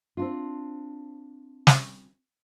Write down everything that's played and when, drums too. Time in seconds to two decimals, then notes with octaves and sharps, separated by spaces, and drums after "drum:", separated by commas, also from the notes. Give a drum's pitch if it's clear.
0.17 C4 D4 F4
1.67 drum: snare